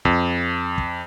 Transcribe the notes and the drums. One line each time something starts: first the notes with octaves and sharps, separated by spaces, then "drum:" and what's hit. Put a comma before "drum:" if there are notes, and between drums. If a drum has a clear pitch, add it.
F2, drum: kick
drum: kick